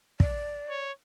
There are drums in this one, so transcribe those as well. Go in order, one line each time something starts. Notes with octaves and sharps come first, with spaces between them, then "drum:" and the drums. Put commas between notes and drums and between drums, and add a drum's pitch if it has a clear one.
D5, drum: kick
C#5